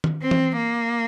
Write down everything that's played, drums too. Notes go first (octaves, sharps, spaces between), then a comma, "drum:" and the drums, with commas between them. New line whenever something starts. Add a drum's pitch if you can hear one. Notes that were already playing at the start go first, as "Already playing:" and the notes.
drum: tom D#3
C4
drum: tom E3
A#3